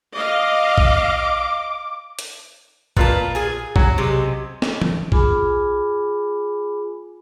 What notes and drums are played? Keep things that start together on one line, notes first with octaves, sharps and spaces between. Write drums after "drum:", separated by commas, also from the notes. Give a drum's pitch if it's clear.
D#5 F5 D6
drum: kick A#1
drum: hi-hat
A#2 F4 B4 A5, drum: kick A#1
G#4 G#5
F#3, drum: kick A#1
C3 G#3 C#4
drum: snare
drum: tom E3
F4 G#4 G#5 B5 D6, drum: kick A#1